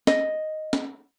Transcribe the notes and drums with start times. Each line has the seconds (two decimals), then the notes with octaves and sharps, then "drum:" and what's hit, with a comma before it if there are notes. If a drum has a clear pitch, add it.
0.07 D#5, drum: snare C#4
0.73 drum: snare C#4